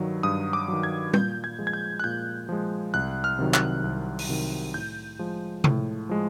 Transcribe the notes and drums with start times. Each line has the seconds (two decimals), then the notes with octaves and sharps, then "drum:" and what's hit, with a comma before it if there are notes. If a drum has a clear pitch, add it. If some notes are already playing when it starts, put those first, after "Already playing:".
Already playing: G2 D#3 F#3
0.23 G2 D#6
0.53 D6
0.68 D#3 F#3
0.83 G#6
1.14 A#2 G6, drum: tom G3
1.44 G#6
1.59 F3 G#3
1.67 G#6
1.73 G6
2.00 F#6
2.04 A#2 G6
2.49 F3 G#3
2.94 C2 F#6
3.24 F6
3.39 C3 D#3 F#3
3.54 F#6, drum: clap
3.84 C2
4.19 drum: open hi-hat
4.29 C3 D#3 F#3
4.74 A2 G6
5.19 F3 G#3
5.64 A2, drum: tom C3
6.09 F3 G#3